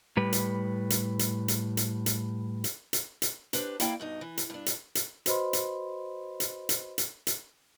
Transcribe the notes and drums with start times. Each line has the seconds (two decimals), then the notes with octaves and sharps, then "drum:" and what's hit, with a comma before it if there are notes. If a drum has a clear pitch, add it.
0.17 A2 G3 B4
0.33 drum: hi-hat
0.90 drum: hi-hat
1.19 drum: hi-hat
1.48 drum: hi-hat
1.77 drum: hi-hat
2.06 drum: hi-hat
2.64 drum: hi-hat
2.93 drum: hi-hat
3.22 drum: hi-hat
3.53 D4 G4 B4 C5, drum: hi-hat
3.80 A#3 E4 D5 F5 G5, drum: hi-hat
4.00 G2 B2 D#4
4.21 E3
4.37 drum: hi-hat
4.50 G2 D4
4.66 drum: hi-hat
4.95 drum: hi-hat
5.26 F#4 B4 C5 D#5 B5 C6, drum: hi-hat
5.53 drum: hi-hat
6.40 drum: hi-hat
6.69 drum: hi-hat
6.98 drum: hi-hat
7.27 drum: hi-hat